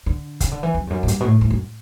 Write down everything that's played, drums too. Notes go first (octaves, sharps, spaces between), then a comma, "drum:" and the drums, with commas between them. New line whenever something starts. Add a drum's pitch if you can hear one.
D3
C#3, drum: kick, hi-hat
D3
E3
F#2
E2
F#2
A2
G2, drum: hi-hat
B2
A2
A2
F#2